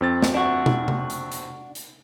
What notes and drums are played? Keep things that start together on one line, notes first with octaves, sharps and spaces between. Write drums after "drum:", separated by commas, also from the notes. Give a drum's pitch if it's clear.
F2 C4 A6
drum: snare
D4 F#4
drum: tom
drum: tom C3
drum: hi-hat
drum: hi-hat
drum: hi-hat